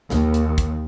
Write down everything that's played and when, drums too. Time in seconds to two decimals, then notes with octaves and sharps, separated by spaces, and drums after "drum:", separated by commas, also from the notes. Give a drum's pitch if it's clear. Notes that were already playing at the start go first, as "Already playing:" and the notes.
0.10 D#2, drum: snare
0.34 drum: hi-hat
0.58 drum: kick, hi-hat